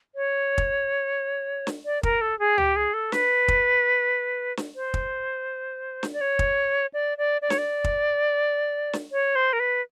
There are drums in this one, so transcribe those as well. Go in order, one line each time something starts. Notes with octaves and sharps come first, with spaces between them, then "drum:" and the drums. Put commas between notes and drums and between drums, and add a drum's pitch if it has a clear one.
C#5
drum: kick
drum: snare
D5
A#4, drum: kick
A4
G#4
G4, drum: tom C#2
G#4
A4
B4, drum: snare
drum: kick
drum: snare
C5
drum: kick
drum: snare
D5
C#5
drum: kick
D5
D5
D5
C#5, drum: snare
D5
drum: kick
drum: snare
C#5
C5
A#4
B4